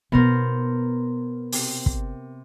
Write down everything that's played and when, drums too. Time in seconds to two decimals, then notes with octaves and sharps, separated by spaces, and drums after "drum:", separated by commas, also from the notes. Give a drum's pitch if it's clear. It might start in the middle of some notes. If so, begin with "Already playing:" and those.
0.12 B2 B3 D#4 A#4 C5
1.53 C3, drum: open hi-hat
1.86 drum: kick